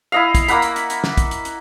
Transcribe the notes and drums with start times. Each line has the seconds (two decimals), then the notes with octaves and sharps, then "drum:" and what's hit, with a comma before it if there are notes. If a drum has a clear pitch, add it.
0.12 E4 D#5 F5
0.35 drum: kick, hi-hat
0.48 A#3 F#5 B5, drum: hi-hat
0.62 drum: hi-hat
0.76 drum: hi-hat
0.90 drum: hi-hat
1.04 drum: snare
1.17 drum: kick, hi-hat
1.31 drum: hi-hat
1.45 drum: hi-hat